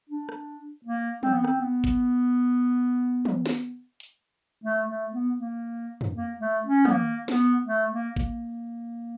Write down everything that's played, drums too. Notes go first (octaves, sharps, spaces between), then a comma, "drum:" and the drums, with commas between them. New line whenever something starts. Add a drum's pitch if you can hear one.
D4
drum: rim click
A#3
C4, drum: tom
B3
C4, drum: rim click
B3
drum: kick
drum: tom
drum: snare
drum: hi-hat
A3
A3
B3
A#3
drum: tom
A#3
A3
C#4
B3, drum: tom
A#3
B3, drum: snare
A3
A#3
A#3, drum: kick